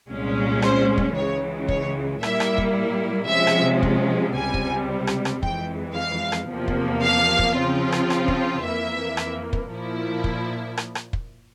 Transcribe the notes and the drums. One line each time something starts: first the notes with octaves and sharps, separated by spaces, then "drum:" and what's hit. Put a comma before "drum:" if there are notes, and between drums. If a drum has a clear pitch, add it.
C2 A#2 G#3 C#4
C5, drum: rim click
drum: kick
C#2 C#3 E3 G#3 C#5
C#5, drum: kick
A#2 G3 A#3 E4 E5, drum: rim click
drum: rim click
drum: kick
C3 F3 G#3 C#4 E5
drum: rim click
drum: kick
C#2 C3 G3 C4 G#5
drum: kick
drum: rim click
drum: rim click
F2 E3 G#3 G5, drum: kick
F5
drum: rim click
E2 C3 F3 A#3
drum: kick
F5
drum: kick
C#3 F3 C4 F4
drum: rim click
drum: rim click
drum: kick
F2 E3 A#3 E5
drum: rim click
drum: kick
A#2 F3 A#3 E4
drum: kick
drum: rim click
drum: rim click
drum: kick